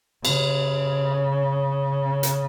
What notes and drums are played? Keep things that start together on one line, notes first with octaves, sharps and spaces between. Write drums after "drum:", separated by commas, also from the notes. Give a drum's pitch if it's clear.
C#3, drum: cymbal
drum: hi-hat